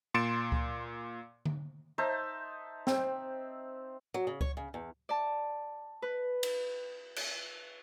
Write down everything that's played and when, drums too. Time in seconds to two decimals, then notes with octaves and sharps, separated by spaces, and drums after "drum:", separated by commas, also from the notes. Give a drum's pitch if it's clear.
0.14 A#2 C6 A6 C#7 D7 E7
0.52 drum: kick C#2
1.46 drum: tom D3
1.98 D#4 C5 E5 A5
2.87 C4, drum: snare
4.14 F#3
4.27 C#3
4.41 C#5, drum: kick C#2
4.57 C#3
4.74 E2
5.09 D5 A5
6.02 B4
6.43 drum: cymbal
7.16 drum: cymbal